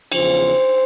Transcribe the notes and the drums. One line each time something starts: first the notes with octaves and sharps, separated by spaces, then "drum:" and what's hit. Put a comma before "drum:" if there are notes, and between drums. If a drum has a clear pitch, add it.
E2 C#3 F3 C5, drum: cymbal